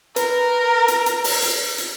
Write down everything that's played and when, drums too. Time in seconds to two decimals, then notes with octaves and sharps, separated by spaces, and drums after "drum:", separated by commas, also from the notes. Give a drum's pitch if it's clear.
0.16 A#4 B4, drum: hi-hat
0.88 drum: hi-hat
1.06 drum: hi-hat
1.24 drum: open hi-hat
1.42 drum: hi-hat
1.78 drum: hi-hat